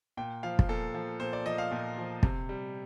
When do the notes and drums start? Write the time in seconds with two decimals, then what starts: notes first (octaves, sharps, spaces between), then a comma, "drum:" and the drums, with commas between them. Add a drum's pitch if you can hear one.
0.17 A#2 G5
0.43 F3 F5
0.59 drum: kick
0.69 A#2 A4
0.95 F3
1.20 A#2 C5
1.33 D5
1.46 F3 D#5
1.58 F5
1.71 A#2
1.98 F3
2.23 C3, drum: kick
2.49 G3